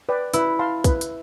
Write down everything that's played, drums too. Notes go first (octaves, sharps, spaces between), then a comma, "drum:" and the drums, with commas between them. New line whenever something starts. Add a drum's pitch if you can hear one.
B4 D5 G5
E4 B4, drum: hi-hat
F5 A5 C6
B4, drum: kick, hi-hat
drum: hi-hat